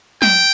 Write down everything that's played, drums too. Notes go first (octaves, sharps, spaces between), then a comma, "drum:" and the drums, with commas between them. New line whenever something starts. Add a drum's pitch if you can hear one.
G5, drum: snare